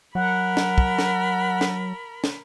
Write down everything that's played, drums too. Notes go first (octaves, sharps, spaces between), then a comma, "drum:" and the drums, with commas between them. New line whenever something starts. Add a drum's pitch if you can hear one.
F#3 A#4 F#5 B5
drum: snare
drum: kick
drum: snare
drum: snare
drum: snare